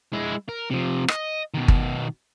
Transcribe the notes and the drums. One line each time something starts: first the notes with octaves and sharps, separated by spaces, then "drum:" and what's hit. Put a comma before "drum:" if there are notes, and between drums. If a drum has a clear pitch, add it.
G#3 E4
A#4
C3 F3
D#5, drum: rim click
B2 D#3
drum: kick G1